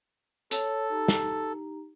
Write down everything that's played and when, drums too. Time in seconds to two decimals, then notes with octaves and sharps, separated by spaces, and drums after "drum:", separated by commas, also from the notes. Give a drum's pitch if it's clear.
0.51 A4 C#5, drum: hi-hat
0.90 D#4 G4 A#5
1.08 drum: snare